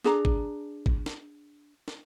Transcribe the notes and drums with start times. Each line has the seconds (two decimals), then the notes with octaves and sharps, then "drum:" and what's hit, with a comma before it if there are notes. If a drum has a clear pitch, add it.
0.05 D4 G#4 A#5, drum: snare
0.25 drum: kick
0.86 drum: kick
1.06 drum: snare
1.88 drum: snare